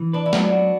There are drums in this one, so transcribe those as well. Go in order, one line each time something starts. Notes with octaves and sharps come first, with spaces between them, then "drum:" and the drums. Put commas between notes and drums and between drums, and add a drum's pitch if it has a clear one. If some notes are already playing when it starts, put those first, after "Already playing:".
Already playing: E3
D4 B4
E4
F#3 B3 D4, drum: snare
F#4